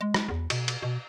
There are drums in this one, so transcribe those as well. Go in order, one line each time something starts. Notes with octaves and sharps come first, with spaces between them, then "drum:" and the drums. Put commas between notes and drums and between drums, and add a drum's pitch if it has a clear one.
G#3
drum: rim click
E2
B2, drum: cymbal
drum: cymbal
B2